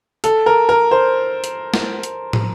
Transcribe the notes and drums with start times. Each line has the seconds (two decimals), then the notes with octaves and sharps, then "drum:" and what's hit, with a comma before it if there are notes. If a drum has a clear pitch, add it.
0.24 A4, drum: hi-hat
0.46 A#4
0.69 A#4
0.91 C5
1.44 drum: hi-hat
1.74 drum: snare
2.03 drum: hi-hat
2.33 drum: tom